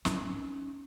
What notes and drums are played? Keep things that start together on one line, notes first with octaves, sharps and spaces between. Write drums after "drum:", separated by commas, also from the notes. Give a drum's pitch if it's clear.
C#4 D#4, drum: snare